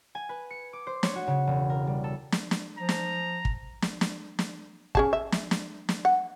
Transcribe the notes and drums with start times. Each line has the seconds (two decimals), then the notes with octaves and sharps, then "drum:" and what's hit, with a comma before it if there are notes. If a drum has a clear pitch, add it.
0.15 G#5
0.29 B4
0.50 C#7
0.73 D6
0.87 C5
1.03 C#5, drum: snare
1.16 F#4
1.27 C#3
1.47 E1
1.70 A#4
1.87 G3
2.04 A4
2.32 drum: snare
2.51 drum: snare
2.77 F3 A#5
2.89 drum: snare
3.45 drum: kick
3.82 drum: snare
4.01 drum: snare
4.39 drum: snare
4.95 C#4 G#4 A5, drum: kick
5.13 E5
5.32 drum: snare
5.51 drum: snare
5.89 drum: snare
6.05 F#5